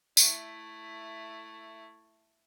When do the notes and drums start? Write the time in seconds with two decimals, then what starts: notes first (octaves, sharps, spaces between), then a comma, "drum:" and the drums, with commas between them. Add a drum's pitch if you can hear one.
0.17 A3 E4, drum: tambourine